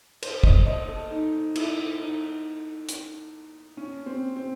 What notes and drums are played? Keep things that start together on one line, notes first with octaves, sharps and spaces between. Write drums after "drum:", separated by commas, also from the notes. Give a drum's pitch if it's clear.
C5, drum: cymbal
D#5, drum: kick
D#5
A4
D#4
E4, drum: cymbal
D#4
drum: hi-hat
C#4
C4
C4